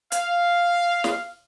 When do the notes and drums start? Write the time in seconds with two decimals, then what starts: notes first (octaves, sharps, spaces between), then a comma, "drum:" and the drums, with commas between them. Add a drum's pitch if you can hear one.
0.12 F5, drum: hi-hat
1.04 drum: snare